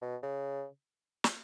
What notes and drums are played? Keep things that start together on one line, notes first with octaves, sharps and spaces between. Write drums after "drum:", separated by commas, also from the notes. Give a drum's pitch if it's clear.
B2
C#3
drum: snare